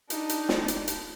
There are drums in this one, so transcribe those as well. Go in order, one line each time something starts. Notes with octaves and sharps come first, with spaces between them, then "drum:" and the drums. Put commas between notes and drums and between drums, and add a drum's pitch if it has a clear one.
D4 D#4, drum: hi-hat
drum: hi-hat
drum: snare
drum: hi-hat
drum: hi-hat